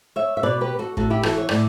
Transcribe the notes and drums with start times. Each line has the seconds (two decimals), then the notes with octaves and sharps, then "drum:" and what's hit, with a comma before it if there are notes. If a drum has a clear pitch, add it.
0.16 C#5 E5
0.37 E5
0.43 B2 B4 D5
0.61 G4 B4
0.79 F#4 A4
0.97 A2 F#4 A4, drum: kick
1.10 E4 G4
1.23 E3 F#4 A4, drum: rim click
1.38 C#5
1.49 A2 D5, drum: rim click